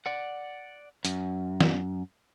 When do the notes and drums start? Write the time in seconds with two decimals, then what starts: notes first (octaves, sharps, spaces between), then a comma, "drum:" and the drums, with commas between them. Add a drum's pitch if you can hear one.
0.06 D5 F#5
1.05 F#2, drum: hi-hat
1.61 drum: snare